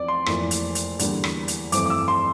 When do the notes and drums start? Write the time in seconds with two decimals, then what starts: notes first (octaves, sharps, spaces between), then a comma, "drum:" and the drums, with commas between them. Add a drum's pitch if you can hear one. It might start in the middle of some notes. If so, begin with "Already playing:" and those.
Already playing: E2 F3 C4 D5
0.08 C6
0.26 F1 F2 E3 A#3 F4, drum: rim click
0.51 drum: hi-hat
0.75 drum: hi-hat
0.99 E2 D3 G3 A#3, drum: hi-hat
1.24 drum: rim click
1.48 drum: hi-hat
1.72 G1 F2 E3 A3 C4 D6, drum: hi-hat
1.86 D6
1.90 E6
2.08 C6